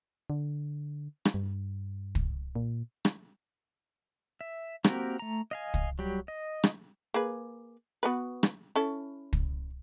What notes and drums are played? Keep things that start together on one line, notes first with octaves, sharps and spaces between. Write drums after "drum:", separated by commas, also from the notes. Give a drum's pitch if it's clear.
D3
drum: rim click
G2
drum: kick
A#2
drum: rim click
E5
A#3 C4 F#4 G4 A#4, drum: rim click
A3 A#5
D#5 F5 G#5
drum: kick
F#3 G3 G4
D#5
drum: rim click
A#3 G#4 B4
B3 F#4 B4
drum: rim click
C#4 E4 A4
drum: kick